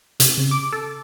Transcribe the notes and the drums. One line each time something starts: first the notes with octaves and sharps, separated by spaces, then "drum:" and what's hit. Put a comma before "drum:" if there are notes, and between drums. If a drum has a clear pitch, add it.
C3, drum: hi-hat
C#3
D6
A4